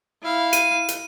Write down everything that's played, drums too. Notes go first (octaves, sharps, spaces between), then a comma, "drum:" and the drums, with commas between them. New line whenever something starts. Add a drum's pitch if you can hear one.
E4 F5
D#7, drum: hi-hat
drum: hi-hat